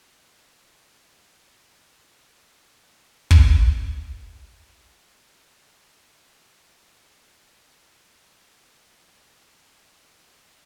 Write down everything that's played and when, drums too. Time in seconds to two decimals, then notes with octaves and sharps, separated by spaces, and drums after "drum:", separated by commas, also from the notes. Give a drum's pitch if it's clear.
0.08 F4
0.95 E4 F4 F#5
1.36 D#3 E3 G3 A#3 C4 E4
1.67 G#3 C#5 F#5
2.30 F4
2.89 D#3 F4
3.31 drum: kick
4.76 B3 A5
6.16 D4 F4 G#4 D#5 E6
7.53 F#4
8.65 E3 A3 F#4 G#4 F#6
9.00 A#2 G4 F5 E6 F6
9.29 G#3 A#3
9.75 D#3 G3 E4
10.23 C3 G#4 A#4